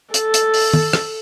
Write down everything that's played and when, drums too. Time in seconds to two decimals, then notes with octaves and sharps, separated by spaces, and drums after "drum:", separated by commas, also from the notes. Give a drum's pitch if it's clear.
0.14 A4, drum: hi-hat
0.34 drum: hi-hat
0.54 drum: open hi-hat
0.74 drum: tom
0.93 drum: rim click